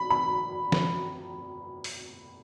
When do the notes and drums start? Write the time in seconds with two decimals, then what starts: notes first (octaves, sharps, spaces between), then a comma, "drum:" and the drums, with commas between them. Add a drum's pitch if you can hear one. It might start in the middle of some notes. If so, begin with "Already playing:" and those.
Already playing: B5
0.10 B5
0.72 drum: snare F3
1.84 drum: open hi-hat